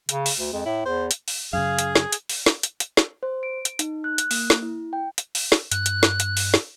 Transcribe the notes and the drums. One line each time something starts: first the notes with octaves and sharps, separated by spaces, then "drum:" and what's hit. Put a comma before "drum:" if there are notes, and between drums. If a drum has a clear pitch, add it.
C#3, drum: hi-hat
drum: open hi-hat
D2
F2 G#3
A2 E4
E2 C5
drum: hi-hat
drum: open hi-hat
F#2 C#3 G#4 F5
drum: hi-hat
drum: snare
drum: hi-hat
drum: open hi-hat
drum: snare
drum: hi-hat
drum: hi-hat
drum: snare
C5
D7
drum: hi-hat
D#4, drum: hi-hat
F#6
F#6, drum: hi-hat
A#3, drum: open hi-hat
drum: snare
E4
G5
drum: hi-hat
drum: open hi-hat
drum: snare
G2 F#6, drum: hi-hat
drum: hi-hat
drum: snare
drum: hi-hat
drum: open hi-hat
drum: snare